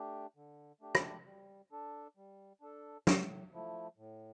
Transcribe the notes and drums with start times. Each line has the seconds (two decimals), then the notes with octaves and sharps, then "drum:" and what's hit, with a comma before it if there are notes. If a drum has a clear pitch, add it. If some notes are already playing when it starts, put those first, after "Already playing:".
Already playing: A3 D4 G4
0.36 D3
0.81 A3 D4 G4
0.95 drum: rim click
1.26 G3
1.72 D4 A4
2.17 G3
2.61 D4 A4
3.07 A2, drum: snare
3.52 F3 A3 E4
3.97 A2